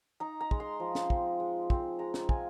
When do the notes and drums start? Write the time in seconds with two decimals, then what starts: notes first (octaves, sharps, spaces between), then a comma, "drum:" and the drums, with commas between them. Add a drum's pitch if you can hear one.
0.20 D#4 A#5
0.41 A#5
0.51 G#3, drum: kick
0.60 C6
0.80 F3
0.95 drum: snare
1.10 C4, drum: kick
1.40 G#3
1.70 C4, drum: kick
1.99 G#3 A#5
2.14 drum: snare
2.29 F4 G#5, drum: kick